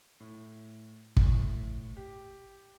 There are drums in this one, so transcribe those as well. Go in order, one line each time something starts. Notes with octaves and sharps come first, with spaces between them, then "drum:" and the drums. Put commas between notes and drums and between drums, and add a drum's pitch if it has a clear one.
A2
A2, drum: kick
G4